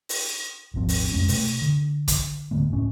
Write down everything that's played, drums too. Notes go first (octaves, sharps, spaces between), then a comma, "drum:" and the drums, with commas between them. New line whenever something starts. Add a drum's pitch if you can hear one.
drum: open hi-hat
D#1 G#1 F3 C4
drum: open hi-hat
F2 G#3 C#4
B2 A3, drum: open hi-hat
D3
drum: kick, hi-hat
D1 D3 A3 B3
D1 A2 C#4